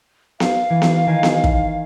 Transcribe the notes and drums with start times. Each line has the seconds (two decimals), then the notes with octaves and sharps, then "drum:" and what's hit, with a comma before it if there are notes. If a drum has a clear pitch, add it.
0.40 F5, drum: snare B3
0.70 E3
0.82 drum: snare B3
1.07 D#3 G#5
1.23 drum: snare B3
1.44 drum: kick